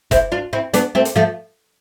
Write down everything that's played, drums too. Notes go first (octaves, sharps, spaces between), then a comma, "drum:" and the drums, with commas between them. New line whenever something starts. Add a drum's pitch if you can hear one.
C4 E4, drum: kick F1, hi-hat
D4 F4
C4 E4
B3 D4, drum: hi-hat
A3 C4
drum: hi-hat
F3 A3